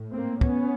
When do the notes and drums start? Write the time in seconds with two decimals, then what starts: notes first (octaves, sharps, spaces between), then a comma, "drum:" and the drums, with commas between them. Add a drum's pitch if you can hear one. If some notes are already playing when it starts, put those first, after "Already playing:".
Already playing: A2
0.13 A#3 C4
0.41 B3 C#4, drum: kick